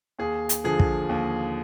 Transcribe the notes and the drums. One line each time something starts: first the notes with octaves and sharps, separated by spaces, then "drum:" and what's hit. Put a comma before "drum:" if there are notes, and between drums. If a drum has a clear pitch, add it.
D#2 G#4
drum: hi-hat
D3 F3 G#4
drum: kick
D#2